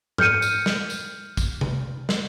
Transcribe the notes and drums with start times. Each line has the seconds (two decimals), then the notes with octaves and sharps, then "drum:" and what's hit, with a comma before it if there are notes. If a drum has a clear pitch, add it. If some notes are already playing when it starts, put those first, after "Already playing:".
0.18 F6 G6 C#7 D#7, drum: tom G#2
0.42 drum: tambourine
0.66 drum: snare
0.90 drum: tambourine
1.37 drum: kick, tambourine
1.61 drum: tom C3
2.09 drum: snare